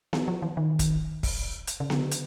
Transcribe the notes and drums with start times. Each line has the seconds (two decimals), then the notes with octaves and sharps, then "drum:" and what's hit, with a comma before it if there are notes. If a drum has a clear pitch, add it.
0.13 E3, drum: snare B3
0.28 F3
0.42 E3
0.57 D#3
0.79 drum: kick, hi-hat
1.23 drum: kick, open hi-hat
1.67 drum: hi-hat
1.80 C#3
1.90 D3, drum: snare B3
2.11 drum: hi-hat